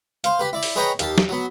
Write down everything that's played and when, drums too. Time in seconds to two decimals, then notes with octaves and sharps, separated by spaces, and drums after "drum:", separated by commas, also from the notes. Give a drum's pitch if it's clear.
0.24 C5 F5, drum: hi-hat
0.39 G4 B4
0.53 E4 D5
0.63 drum: open hi-hat
0.76 G#4 B4 C#5 D#5 G5 A#5
0.99 D#2 G4 A5, drum: hi-hat
1.18 drum: snare
1.29 F#3 B3